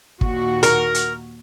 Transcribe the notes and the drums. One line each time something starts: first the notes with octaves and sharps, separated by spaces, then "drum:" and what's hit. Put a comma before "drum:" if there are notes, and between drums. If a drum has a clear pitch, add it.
D#2 A#2 F#4, drum: kick
A#4, drum: hi-hat
drum: hi-hat